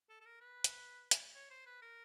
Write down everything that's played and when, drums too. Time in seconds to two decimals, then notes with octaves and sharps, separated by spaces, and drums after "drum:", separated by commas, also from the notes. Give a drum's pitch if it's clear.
0.09 A4
0.21 A4
0.26 A#4
0.41 B4
0.64 drum: hi-hat
1.11 drum: hi-hat
1.35 C#5
1.50 C5
1.66 B4
1.82 A#4